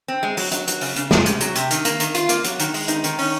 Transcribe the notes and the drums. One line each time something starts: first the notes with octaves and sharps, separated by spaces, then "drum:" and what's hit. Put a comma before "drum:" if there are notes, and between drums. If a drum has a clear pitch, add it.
C4
G#3
F#3, drum: open hi-hat
F#3, drum: hi-hat
F#3, drum: hi-hat
C#3, drum: open hi-hat
C#3, drum: hi-hat
G#3, drum: snare
C3, drum: hi-hat
F#3, drum: hi-hat
C3, drum: hi-hat
D#3, drum: hi-hat
A#3, drum: hi-hat
D#3, drum: hi-hat
F4, drum: hi-hat
A#3, drum: hi-hat
F#3, drum: hi-hat
D#3, drum: hi-hat
G#3, drum: open hi-hat
D#4, drum: hi-hat
D#3, drum: hi-hat
C#4, drum: open hi-hat